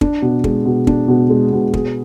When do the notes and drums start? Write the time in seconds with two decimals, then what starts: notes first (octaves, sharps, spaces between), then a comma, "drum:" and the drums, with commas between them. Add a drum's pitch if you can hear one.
0.01 D4, drum: kick
0.22 B2
0.44 G#3, drum: kick
0.65 B2
0.87 D4, drum: kick
1.08 B2
1.30 G#3
1.52 B2
1.74 G#4, drum: kick